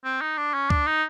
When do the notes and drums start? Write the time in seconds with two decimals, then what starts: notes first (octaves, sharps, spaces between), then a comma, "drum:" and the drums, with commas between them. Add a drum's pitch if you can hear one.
0.05 C4
0.22 D#4
0.38 D4
0.54 C#4
0.70 D4, drum: kick C#2
0.87 D#4